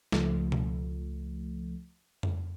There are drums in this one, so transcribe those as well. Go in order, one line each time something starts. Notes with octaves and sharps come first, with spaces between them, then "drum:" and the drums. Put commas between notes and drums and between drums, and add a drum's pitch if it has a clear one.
C#2 F3 A3, drum: snare
drum: tom B2
drum: tom F2